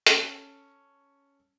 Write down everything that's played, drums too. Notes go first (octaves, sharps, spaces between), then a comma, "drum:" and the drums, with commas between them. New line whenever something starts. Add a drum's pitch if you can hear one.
C#4 A4, drum: hi-hat